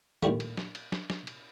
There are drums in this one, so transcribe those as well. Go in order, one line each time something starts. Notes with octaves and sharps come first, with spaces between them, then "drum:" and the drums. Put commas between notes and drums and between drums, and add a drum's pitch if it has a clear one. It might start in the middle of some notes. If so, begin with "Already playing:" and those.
A#1 D#2 A2 G3 A3, drum: tom D#3
drum: cymbal
drum: snare
drum: cymbal
drum: snare
drum: snare
drum: cymbal